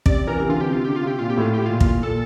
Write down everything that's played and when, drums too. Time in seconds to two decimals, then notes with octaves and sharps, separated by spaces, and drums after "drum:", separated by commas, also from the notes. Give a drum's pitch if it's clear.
0.06 C3 D5, drum: kick
0.27 E3 A#4
0.39 C3
0.49 D3 F4
0.61 G4
0.71 C3 F4
0.85 D3 G4
0.96 F4
1.03 C3 G4
1.19 A#2 F4
1.30 G4
1.37 A2 F4
1.54 G4
1.65 A#2 F4
1.80 drum: kick
2.02 A#2 A4